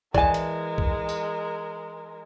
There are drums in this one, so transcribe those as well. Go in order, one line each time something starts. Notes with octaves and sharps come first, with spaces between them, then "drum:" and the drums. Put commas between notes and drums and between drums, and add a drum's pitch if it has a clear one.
E3 G#3 A#4 D5 G#5 A5, drum: kick C2
drum: hi-hat
drum: kick C2
drum: tambourine